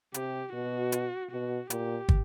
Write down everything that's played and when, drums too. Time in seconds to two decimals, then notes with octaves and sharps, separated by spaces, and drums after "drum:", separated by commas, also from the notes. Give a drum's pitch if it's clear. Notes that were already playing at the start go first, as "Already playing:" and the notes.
0.14 C3 G4, drum: hi-hat
0.53 B2 F#4
0.92 drum: hi-hat
1.31 B2 F#4
1.70 A#2 G4, drum: hi-hat
2.09 drum: kick